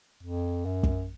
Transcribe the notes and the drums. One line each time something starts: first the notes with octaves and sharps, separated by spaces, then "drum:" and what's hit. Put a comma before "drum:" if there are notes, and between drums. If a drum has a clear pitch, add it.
F2
F#2
drum: kick